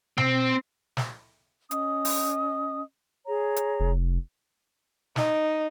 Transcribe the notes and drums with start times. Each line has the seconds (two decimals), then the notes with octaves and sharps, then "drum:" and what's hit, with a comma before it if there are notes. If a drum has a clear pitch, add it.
0.18 C4, drum: tom B2
0.97 drum: snare
1.71 C#4 D#5 D#6, drum: hi-hat
2.05 drum: open hi-hat
3.26 G#4 C#5 A#5
3.56 drum: hi-hat
3.80 F1
5.16 D#4, drum: snare